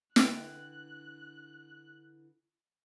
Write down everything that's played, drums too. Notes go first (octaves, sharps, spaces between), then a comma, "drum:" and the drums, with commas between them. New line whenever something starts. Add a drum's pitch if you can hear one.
D3 E3 G5 F#6, drum: snare